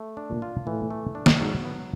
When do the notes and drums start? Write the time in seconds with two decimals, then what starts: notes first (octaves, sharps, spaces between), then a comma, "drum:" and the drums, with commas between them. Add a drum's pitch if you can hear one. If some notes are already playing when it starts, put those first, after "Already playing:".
Already playing: A3
0.17 D4
0.29 A#2
0.42 F4
0.66 A2 E3
0.90 A3
1.15 D4
1.26 drum: snare
1.40 G#2 F#3
1.65 B3